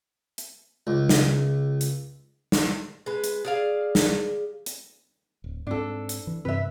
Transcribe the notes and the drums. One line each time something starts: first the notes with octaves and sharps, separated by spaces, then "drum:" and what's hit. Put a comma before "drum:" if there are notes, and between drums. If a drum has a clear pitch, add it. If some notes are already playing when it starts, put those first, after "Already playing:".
drum: hi-hat
C#2
drum: snare
drum: hi-hat
drum: snare
G#3 B4
drum: hi-hat
G#4 D5 F5
drum: snare
drum: hi-hat
D1
G#2 C4 D4 A4
drum: hi-hat
E3
G2 C3 C4 B4 E5